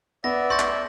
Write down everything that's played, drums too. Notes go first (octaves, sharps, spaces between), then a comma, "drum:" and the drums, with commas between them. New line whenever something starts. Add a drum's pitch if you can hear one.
B3 D5 E5 A#6
C6 C#6 G6 A6 A#6
drum: clap